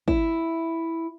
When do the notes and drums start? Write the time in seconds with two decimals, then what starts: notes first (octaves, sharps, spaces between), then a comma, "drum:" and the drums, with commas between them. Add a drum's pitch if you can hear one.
0.08 E4, drum: kick